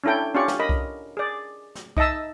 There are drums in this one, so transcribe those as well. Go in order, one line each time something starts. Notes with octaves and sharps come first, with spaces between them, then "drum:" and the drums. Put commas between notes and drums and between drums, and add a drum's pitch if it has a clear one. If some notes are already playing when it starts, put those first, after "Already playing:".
C#4 D4 E4 A4 G5
C#4 D4 F4 G4 D5 C#6
drum: snare
A#4 D#5 B5
drum: kick C2
G#4 D5
drum: snare
D#4 D#5 E5 A5 E6, drum: kick C2